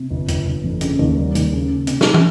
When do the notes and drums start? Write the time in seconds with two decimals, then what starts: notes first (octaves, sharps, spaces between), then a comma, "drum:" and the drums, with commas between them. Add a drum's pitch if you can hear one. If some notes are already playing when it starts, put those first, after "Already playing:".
Already playing: C3
0.10 G1
0.28 G1, drum: hi-hat
0.46 G1
0.64 F2
0.81 C#3, drum: hi-hat
0.99 D#2
1.17 G3
1.35 D#2, drum: hi-hat
1.53 C#3
1.69 C#3
1.87 C3, drum: hi-hat
2.01 drum: snare
2.14 drum: tom